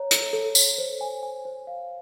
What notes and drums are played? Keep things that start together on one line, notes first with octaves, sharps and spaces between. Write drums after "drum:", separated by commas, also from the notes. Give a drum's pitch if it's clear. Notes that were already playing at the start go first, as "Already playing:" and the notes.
Already playing: C#5 A#5
A4, drum: hi-hat
A4
C#5, drum: tambourine
C5
G#5
G#5
C5
F5